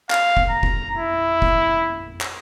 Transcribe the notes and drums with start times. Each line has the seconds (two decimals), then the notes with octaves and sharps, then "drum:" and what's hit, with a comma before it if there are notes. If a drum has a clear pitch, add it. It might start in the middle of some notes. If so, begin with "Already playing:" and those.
0.10 F5, drum: clap
0.37 drum: kick
0.50 A#5
0.63 drum: kick
0.96 E4
1.42 drum: kick
2.21 drum: clap